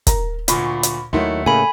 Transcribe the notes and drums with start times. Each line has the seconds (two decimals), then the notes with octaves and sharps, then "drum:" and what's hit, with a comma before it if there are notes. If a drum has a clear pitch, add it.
0.07 A#4 A#5, drum: kick, hi-hat
0.48 D2 A#2 F4 B5 C#6, drum: hi-hat
0.83 drum: hi-hat
1.13 D#2 D#3 F#3 A3 E4 F#4 C6
1.46 A2 C#3 A#3 A4 G#5 B5